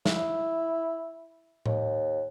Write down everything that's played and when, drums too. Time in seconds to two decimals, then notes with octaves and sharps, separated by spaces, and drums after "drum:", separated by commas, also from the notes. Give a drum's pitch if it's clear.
0.06 E4, drum: snare
1.66 D#2, drum: tom A2